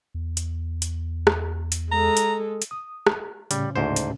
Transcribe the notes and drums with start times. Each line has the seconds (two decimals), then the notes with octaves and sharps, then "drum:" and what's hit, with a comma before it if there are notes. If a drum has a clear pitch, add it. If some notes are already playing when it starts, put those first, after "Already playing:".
0.14 E2
0.37 drum: hi-hat
0.82 drum: hi-hat
1.27 drum: rim click
1.72 drum: hi-hat
1.91 G#3 A4 A#5
2.17 drum: hi-hat
2.62 drum: hi-hat
2.71 D#6
3.07 drum: rim click
3.51 A2 C#3 G3 C#4, drum: hi-hat
3.76 D2 G#2 C5
3.96 drum: hi-hat